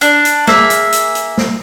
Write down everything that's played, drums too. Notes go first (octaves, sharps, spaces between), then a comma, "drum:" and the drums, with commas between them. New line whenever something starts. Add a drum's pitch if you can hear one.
D4, drum: hi-hat
drum: hi-hat
A#3 G#4 E5, drum: snare
drum: hi-hat
drum: hi-hat
drum: hi-hat
drum: snare